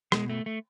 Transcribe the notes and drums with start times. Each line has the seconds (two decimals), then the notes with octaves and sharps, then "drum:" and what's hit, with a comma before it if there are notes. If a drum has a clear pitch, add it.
0.12 B2 G#3, drum: rim click
0.30 A3
0.46 A3